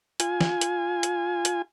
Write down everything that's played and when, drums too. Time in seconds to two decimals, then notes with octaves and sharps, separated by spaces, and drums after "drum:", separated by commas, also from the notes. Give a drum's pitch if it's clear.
0.20 F4 G#5, drum: hi-hat
0.41 drum: snare
0.61 drum: hi-hat
1.03 drum: hi-hat
1.45 drum: hi-hat